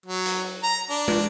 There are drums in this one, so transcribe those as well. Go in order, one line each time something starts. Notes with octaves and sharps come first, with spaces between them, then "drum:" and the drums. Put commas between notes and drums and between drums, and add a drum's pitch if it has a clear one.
F#3
drum: hi-hat
A#5
D4
drum: tom